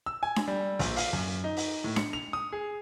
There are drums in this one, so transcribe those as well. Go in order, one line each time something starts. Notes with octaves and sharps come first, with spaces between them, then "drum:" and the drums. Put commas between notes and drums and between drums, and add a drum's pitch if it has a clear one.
E6
G#5
drum: snare D4
G3
A#1, drum: open hi-hat
F5, drum: open hi-hat
F#2
D#4
drum: open hi-hat
A2
C#7, drum: snare D4
F7
D#6
G#4